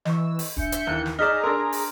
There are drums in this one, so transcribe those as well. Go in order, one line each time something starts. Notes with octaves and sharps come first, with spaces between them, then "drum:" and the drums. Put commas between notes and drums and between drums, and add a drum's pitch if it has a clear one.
E3 D#5 C#6 E6, drum: snare
drum: open hi-hat
D4 E5 G6 C#7, drum: kick
drum: hi-hat
D#2 E3 F#6
drum: snare
D#4 G#4 D5 A#5 F6 B6 E7
D4 A#4 C6 E6
drum: open hi-hat